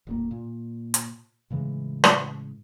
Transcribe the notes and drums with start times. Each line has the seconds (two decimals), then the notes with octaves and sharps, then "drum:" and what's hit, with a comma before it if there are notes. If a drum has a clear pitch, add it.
0.07 D#1 A2 A#3
0.31 A#2
0.94 drum: hi-hat
1.50 A2 C#3 E3 G#3
2.04 drum: rim click